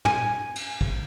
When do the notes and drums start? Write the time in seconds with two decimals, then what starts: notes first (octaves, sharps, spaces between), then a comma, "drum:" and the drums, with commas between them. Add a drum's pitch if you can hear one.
0.05 G#5, drum: tom
0.56 drum: cymbal
0.81 drum: kick